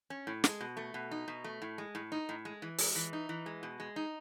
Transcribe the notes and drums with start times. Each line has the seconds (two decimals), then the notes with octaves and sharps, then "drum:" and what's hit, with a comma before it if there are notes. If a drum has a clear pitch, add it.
0.10 C#4
0.27 A2
0.44 G#3, drum: snare
0.60 B2
0.77 A3
0.94 B2
1.11 D#4
1.28 B2
1.44 A3
1.62 A2
1.78 G#3
1.95 A2
2.12 D#4
2.29 A2
2.45 G#3
2.62 E3
2.79 G#3, drum: open hi-hat
2.96 E3
3.13 D#4
3.29 E3
3.46 G#3
3.63 B2
3.80 G#3
3.96 D#4